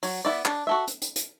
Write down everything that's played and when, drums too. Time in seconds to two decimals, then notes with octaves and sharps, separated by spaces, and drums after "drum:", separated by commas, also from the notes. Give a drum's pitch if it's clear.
0.03 F#3, drum: open hi-hat
0.25 B3 E4 D5
0.45 D4, drum: clap
0.67 F#4 A4 E5
0.88 drum: hi-hat
1.02 drum: hi-hat
1.16 drum: hi-hat